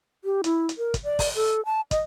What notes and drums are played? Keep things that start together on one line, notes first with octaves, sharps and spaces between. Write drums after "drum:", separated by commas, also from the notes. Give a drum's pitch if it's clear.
G4
E4, drum: hi-hat
drum: hi-hat
A#4
drum: kick, hi-hat
D5
drum: kick, open hi-hat
A4
A5
D#5, drum: kick, hi-hat